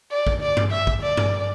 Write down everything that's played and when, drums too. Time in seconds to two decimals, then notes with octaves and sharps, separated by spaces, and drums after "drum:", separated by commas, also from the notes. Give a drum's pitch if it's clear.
0.11 D5
0.27 drum: kick A1
0.42 D5
0.57 drum: tom G2
0.72 E5
0.87 drum: kick A1
1.02 D5
1.17 drum: tom G2